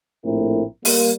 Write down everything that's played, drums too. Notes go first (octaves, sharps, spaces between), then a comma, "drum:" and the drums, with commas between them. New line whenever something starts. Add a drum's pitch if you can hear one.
A#1 A2 A3 C4 E4 A#4
G3 A#3, drum: open hi-hat